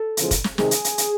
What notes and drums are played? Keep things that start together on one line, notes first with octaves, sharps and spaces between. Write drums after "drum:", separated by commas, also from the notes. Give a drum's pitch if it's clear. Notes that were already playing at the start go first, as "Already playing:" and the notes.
Already playing: A4
E2 C#3 F3 G#3, drum: hi-hat
drum: kick, hi-hat
drum: snare
C3 D#3 G#3 G#4, drum: snare
drum: hi-hat
drum: hi-hat
drum: hi-hat